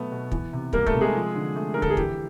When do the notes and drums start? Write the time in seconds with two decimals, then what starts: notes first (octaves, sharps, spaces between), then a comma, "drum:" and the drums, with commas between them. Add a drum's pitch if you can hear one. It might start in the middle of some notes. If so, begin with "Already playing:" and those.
Already playing: B2 F#3 A3 B3
0.12 B2
0.32 E3, drum: kick
0.53 C3
0.73 G3 A#3 A#4, drum: kick
0.86 A3 A4, drum: kick
0.94 C3
1.01 G#3 G#4
1.15 F3
1.35 D3
1.56 A3
1.74 D3 A#4
1.82 A4, drum: kick
1.90 G#4
1.97 E3 G4, drum: kick